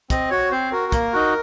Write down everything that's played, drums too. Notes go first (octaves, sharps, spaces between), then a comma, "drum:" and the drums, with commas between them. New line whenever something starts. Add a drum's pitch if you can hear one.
C4 D#5, drum: kick, hi-hat
F#4 C#5
C4 C5
F#4 A#4
A#3, drum: kick, hi-hat
D#4 F#4